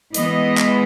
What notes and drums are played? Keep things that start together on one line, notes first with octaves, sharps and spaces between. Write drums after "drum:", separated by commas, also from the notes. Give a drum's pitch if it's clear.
E3 G#3 B3 D#5, drum: hi-hat
drum: clap